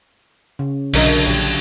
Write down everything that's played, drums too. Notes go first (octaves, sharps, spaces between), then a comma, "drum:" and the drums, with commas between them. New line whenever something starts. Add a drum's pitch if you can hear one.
C#3
B1 D3 F#3 D4 A#4 D#5, drum: cymbal
A#1 G4